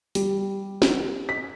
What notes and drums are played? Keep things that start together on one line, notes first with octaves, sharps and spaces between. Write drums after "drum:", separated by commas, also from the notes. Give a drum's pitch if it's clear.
G3, drum: open hi-hat
drum: snare
B6